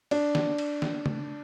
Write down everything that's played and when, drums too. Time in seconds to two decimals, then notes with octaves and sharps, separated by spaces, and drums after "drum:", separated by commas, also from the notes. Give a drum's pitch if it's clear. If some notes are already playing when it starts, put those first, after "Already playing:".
0.11 D4, drum: cymbal
0.35 drum: snare
0.58 drum: cymbal
0.82 drum: snare
1.06 drum: tom